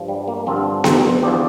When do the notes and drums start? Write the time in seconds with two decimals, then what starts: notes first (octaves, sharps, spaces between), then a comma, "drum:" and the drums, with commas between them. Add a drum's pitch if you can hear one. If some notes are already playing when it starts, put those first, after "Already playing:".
Already playing: G2 F3
0.08 G3
0.28 A#3
0.47 G2 D3 F3 C4
0.84 C4, drum: snare B3
1.22 E2 D3 F3 G4